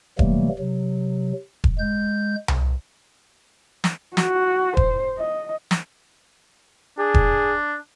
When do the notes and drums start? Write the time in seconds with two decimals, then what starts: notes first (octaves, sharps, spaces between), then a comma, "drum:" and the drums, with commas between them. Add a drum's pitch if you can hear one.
0.19 C3 E3 F#3 G3 A3 A#3, drum: kick E1
0.59 C3 F#3
1.64 drum: kick E1
1.79 G#3 G6
2.48 drum: tom C2
3.84 drum: snare
4.17 F#4, drum: snare
4.77 C5, drum: kick E1
5.18 D#5
5.71 drum: snare
6.98 D4 G#4
7.14 drum: kick E1